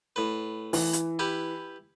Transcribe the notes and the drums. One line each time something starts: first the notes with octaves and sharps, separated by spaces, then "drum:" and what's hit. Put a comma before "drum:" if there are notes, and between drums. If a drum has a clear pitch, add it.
A2 B4
E3, drum: open hi-hat
drum: hi-hat
E4 G4 B4